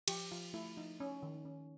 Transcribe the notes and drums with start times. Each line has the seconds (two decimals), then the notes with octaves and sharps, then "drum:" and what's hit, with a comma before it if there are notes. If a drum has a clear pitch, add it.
0.08 F3 G4, drum: cymbal
0.31 F3 F4
0.54 A3 E4
0.77 F3 D#4
1.00 C#4
1.23 D#3
1.45 C#4